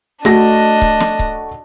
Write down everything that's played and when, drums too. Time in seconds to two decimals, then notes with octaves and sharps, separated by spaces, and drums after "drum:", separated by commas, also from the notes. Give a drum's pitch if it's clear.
0.25 A3 D4 F#4 D#5 A#6, drum: snare
0.82 drum: kick C#1
1.00 drum: snare
1.19 drum: kick C#1